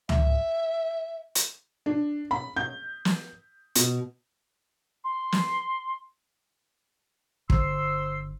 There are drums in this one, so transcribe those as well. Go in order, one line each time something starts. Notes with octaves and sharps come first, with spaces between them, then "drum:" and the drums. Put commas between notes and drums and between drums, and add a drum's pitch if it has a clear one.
E5, drum: tom C#2
drum: hi-hat
D4
B5
G6
drum: snare
B2, drum: hi-hat
C6
drum: snare
G1 D3 C5 C6 E6, drum: kick